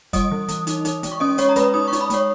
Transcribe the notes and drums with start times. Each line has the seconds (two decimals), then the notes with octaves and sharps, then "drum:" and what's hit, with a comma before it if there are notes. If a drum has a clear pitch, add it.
0.13 G3 D#5 D#6, drum: kick, hi-hat
0.31 E3
0.48 E3, drum: hi-hat
0.67 D#4, drum: hi-hat
0.85 D#4, drum: hi-hat
1.03 G#3, drum: hi-hat
1.12 C#6
1.20 C#4 D#5 D#6
1.38 C#4 C#5 C#6, drum: hi-hat
1.49 A#5
1.56 G#3 B4 B5, drum: hi-hat
1.74 D#4 D#6
1.88 C#6
1.93 D#4, drum: hi-hat
2.01 B5
2.10 G#3 C#5 C#6, drum: hi-hat